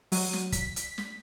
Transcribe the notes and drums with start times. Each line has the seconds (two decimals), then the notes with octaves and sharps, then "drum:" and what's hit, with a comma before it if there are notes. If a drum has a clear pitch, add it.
0.12 F#3, drum: open hi-hat
0.33 drum: snare
0.52 B6, drum: kick, hi-hat
0.76 drum: hi-hat
0.98 drum: snare